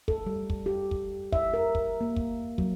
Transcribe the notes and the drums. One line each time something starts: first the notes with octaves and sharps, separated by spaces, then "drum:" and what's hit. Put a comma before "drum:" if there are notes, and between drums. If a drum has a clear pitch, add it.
A4, drum: kick
G3
drum: kick
G4
drum: kick
E5, drum: kick
A#4
drum: kick
A#3
drum: kick
F#3, drum: kick